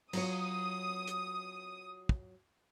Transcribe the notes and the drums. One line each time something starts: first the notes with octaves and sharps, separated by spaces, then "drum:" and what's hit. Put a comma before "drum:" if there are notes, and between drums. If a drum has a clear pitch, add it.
F#3 F4 C#5 D#6, drum: cymbal
drum: hi-hat
drum: kick